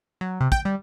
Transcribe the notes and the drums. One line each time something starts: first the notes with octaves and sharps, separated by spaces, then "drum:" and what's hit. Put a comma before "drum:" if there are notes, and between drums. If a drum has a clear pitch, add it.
F#3
C3
G5, drum: kick
G3